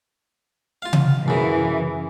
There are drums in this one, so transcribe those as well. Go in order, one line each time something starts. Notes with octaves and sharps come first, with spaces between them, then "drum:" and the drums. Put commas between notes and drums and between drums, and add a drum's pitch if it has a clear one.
F4 F5
drum: tom C3
F#2 C#3 E3